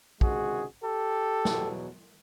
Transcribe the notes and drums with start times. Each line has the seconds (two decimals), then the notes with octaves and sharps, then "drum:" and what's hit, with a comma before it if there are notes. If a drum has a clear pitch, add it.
0.21 C#2 C3 D#3 G#3 F#4 G#4, drum: kick
0.83 G4 A4
1.45 E2 B2 F#3, drum: snare